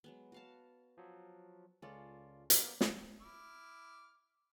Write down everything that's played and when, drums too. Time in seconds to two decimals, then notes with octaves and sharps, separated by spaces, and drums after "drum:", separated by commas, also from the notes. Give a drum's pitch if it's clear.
0.04 F#3 G#3 B3
0.32 F#4 F5 A5
0.98 F3 F#3
1.82 C#2 G#3 C#4 F4 A4 D5
2.50 A#3 B3 A#4 D5, drum: hi-hat
2.81 drum: snare
3.21 E4 D6 F6